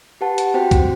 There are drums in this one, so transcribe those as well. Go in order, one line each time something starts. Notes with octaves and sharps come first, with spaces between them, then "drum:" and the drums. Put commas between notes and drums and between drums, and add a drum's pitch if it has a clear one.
G4 B4 F#5 A5
drum: hi-hat
C4 F#4 C5 G5
drum: kick B1, hi-hat